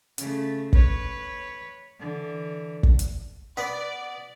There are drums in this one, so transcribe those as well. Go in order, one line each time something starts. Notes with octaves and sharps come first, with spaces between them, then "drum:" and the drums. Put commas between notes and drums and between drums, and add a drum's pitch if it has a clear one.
C#3 A3, drum: hi-hat
B4 C#5, drum: kick
D3 E3
drum: kick
drum: hi-hat
B3 D5